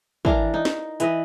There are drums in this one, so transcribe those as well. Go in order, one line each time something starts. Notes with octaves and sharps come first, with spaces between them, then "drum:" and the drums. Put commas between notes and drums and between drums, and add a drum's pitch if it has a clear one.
E3 D4 A#4 F5, drum: kick
D#4
drum: snare
E3 B4 D#5, drum: hi-hat